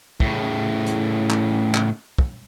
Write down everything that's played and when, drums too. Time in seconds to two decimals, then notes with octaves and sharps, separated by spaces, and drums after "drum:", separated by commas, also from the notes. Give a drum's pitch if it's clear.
0.20 A2 C#3, drum: kick
0.86 drum: hi-hat
1.30 drum: clap
1.74 drum: clap
2.18 drum: kick